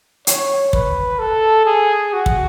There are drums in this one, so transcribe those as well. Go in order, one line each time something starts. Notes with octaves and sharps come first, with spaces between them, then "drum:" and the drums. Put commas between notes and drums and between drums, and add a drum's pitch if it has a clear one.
C#5, drum: hi-hat
B4, drum: kick
A4
G#4
F#4
drum: kick